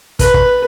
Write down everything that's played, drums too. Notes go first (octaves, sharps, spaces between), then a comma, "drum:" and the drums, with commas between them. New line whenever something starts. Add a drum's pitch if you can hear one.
B4, drum: kick, hi-hat
drum: kick